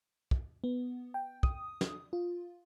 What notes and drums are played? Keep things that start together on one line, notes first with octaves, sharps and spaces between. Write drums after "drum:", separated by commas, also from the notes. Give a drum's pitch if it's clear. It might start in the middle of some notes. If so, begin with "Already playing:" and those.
drum: kick
B3
G5
D#6, drum: kick
drum: snare
F4